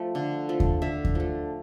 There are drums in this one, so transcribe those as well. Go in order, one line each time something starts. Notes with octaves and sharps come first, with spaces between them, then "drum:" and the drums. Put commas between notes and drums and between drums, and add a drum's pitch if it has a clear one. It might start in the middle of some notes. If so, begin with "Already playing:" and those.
Already playing: F3 A3
D3
F3 A3
drum: kick D#2
D3 E5
drum: kick D#2
F3 A3